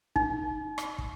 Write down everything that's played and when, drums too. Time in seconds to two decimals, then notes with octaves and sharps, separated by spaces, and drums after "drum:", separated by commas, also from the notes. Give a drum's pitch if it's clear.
0.16 D#4, drum: kick
0.78 drum: rim click
0.98 drum: kick